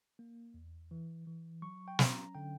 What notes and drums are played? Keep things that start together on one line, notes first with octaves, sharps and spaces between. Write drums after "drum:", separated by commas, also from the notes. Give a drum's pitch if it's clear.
A#3
E2
E3
E3
F#3 C#6
G5
C#4 A#5, drum: snare
D3 G5